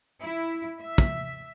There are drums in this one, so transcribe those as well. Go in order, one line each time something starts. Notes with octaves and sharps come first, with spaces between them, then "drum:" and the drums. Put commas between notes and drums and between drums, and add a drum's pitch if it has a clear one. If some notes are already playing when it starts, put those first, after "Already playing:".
E4
E5
drum: kick